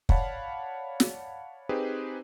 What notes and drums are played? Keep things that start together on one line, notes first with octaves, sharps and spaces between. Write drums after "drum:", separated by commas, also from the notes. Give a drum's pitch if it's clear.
C#5 D5 F5 F#5 A5 B5, drum: kick
drum: snare
C4 D#4 G4 G#4 B4 C5